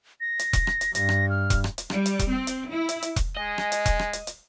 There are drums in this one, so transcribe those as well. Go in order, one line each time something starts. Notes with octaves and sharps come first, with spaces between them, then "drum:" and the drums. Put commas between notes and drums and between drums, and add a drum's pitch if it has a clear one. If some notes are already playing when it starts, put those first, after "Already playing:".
A#6
drum: hi-hat
drum: kick E1, hi-hat
drum: rim click
drum: hi-hat
G2 A#6, drum: hi-hat
drum: rim click
F6
drum: kick E1, hi-hat
drum: rim click
drum: hi-hat
G3, drum: rim click
drum: hi-hat
drum: kick E1, hi-hat
C4
drum: hi-hat
E4
drum: hi-hat
drum: hi-hat
drum: kick E1, hi-hat
G#3 D#5 G#5
drum: rim click
drum: hi-hat
drum: kick E1, hi-hat
drum: rim click
drum: hi-hat
drum: hi-hat